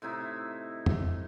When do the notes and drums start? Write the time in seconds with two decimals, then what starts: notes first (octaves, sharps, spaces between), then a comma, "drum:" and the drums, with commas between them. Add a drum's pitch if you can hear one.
0.02 A2 C3 D#4 E4
0.86 drum: tom